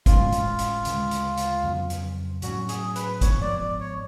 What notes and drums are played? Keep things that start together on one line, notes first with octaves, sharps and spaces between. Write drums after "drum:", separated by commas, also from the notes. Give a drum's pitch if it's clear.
A2 G#3 C#4 F4, drum: kick, hi-hat
drum: hi-hat
drum: hi-hat
D2 C#3 G#3, drum: hi-hat
drum: hi-hat
drum: hi-hat
F2 C#3 F#3 B3
drum: hi-hat
A2 F#3 C#4 F#4, drum: hi-hat
G#4, drum: hi-hat
B4, drum: hi-hat
G#2 F3 B3 C#5, drum: kick, hi-hat
D5
D5
C#5